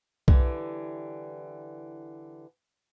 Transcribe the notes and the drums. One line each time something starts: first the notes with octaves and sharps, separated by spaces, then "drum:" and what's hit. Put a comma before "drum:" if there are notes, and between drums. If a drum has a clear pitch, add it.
D3 E3 G3, drum: kick